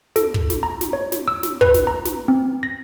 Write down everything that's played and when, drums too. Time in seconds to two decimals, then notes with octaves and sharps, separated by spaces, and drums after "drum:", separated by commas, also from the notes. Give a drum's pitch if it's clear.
0.16 A4, drum: snare
0.34 drum: kick
0.50 drum: snare
0.63 A#5
0.81 drum: snare
0.93 C#5
1.12 drum: snare
1.28 E6
1.43 drum: snare
1.61 B4, drum: kick
1.74 drum: snare
1.87 A#5
2.05 drum: snare
2.28 C4
2.63 A#6